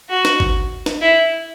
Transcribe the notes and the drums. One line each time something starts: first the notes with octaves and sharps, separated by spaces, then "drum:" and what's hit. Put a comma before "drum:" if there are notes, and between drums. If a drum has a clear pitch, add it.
F#4
drum: snare
drum: kick G#1
drum: snare
E4